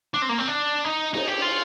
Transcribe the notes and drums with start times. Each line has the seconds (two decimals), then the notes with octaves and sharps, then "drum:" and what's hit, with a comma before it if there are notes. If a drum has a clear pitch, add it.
0.14 D4
0.22 C4
0.29 A#3
0.39 C4
0.48 D4
0.85 D#4
1.14 D#4, drum: cymbal
1.28 G4
1.42 F4